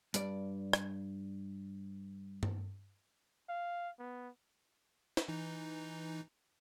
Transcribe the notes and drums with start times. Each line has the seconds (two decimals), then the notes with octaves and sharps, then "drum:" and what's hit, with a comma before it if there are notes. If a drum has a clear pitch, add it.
0.14 G2 D5, drum: hi-hat
0.73 drum: rim click
2.43 drum: tom G2
3.49 F5
3.99 B3
5.17 drum: snare
5.28 E3 D#4